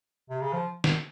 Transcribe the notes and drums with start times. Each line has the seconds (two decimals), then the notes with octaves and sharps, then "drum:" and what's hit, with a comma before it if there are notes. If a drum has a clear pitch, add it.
0.30 C3
0.41 C#3
0.53 F3
0.84 drum: snare